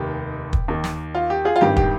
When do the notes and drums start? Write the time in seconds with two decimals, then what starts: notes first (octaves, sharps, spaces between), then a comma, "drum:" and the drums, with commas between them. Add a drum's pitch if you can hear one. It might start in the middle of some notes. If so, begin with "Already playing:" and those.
Already playing: F1 D#2 D#3 G4
0.53 drum: kick
0.68 D#2 D#3
0.84 drum: snare
1.15 F4
1.30 G4
1.45 F4 G#4
1.56 F4
1.61 G#1 G2 D#3 G4
1.77 G4, drum: kick